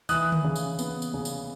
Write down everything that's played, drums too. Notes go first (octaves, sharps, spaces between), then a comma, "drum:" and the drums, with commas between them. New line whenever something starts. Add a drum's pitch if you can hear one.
E3 D#6 F#6, drum: tambourine
drum: tom D3
C#3
drum: tambourine
B3, drum: tambourine
drum: tambourine
C#3
drum: tambourine